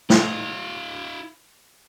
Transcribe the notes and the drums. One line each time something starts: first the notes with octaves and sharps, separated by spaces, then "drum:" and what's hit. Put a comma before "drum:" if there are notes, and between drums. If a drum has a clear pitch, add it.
E4 F5, drum: snare